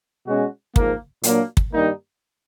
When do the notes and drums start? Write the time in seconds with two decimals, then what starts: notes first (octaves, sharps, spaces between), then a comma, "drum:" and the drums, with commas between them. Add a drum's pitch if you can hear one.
0.27 B2 G#3 C#4 F#4
0.76 G#2 F3 A#3, drum: kick
1.23 A#2 F#3 A#3 D4, drum: hi-hat
1.57 drum: kick
1.72 G2 D#3 G3 A#3 D#4